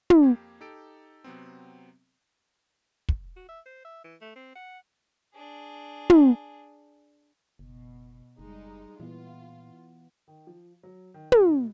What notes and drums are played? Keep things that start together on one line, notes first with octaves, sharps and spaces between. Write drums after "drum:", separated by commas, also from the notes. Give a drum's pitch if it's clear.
drum: tom
F2 A#3 G4 G#6
D#4 G4 A4 D7
C3 F#3 B3 C4
drum: kick
F#4
E5
C5
E5
E3
A3
C4
F#5
D4 G#4
drum: tom
F#1 B2
F#1 G3 G#3 D#4
A#2 E3 B3 F4
D#3
F3
F#3
D#3
A#2, drum: tom
B2